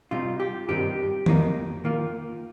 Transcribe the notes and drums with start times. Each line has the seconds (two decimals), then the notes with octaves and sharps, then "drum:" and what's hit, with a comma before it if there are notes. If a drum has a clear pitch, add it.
0.11 C3 G3 D#4 F4
0.40 G4
0.69 G2 D#3 C4 D#4 G4
1.26 F2 D#3 A#3 D#4, drum: tom D#3
1.84 D#3 A#3 F4